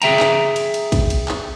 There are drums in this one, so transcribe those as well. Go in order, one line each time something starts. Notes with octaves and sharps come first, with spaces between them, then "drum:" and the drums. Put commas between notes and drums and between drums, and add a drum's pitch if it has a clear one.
G#4 E5 G5 A#5, drum: cymbal
drum: clap
drum: cymbal
drum: cymbal
drum: kick, cymbal
drum: cymbal
drum: clap